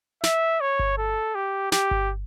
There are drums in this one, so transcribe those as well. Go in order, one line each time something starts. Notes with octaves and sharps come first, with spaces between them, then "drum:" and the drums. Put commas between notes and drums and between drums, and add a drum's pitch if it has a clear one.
E5, drum: snare
C#5
drum: kick G1
A4
G4
G4, drum: snare
drum: kick G1